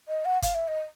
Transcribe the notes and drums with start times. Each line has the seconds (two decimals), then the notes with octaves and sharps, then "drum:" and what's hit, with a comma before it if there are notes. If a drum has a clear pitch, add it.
0.08 D#5
0.25 F#5
0.42 F5, drum: kick G1, hi-hat
0.55 E5
0.68 D#5